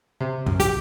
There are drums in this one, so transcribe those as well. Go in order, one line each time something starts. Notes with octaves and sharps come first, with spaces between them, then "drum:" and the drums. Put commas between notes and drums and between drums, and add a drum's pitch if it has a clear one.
C3
F#2, drum: kick
G4, drum: kick, hi-hat